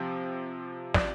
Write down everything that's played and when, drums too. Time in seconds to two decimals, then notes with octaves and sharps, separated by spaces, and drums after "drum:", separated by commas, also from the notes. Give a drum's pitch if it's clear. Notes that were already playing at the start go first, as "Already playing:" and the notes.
Already playing: C3 F3 C4
0.94 D5, drum: snare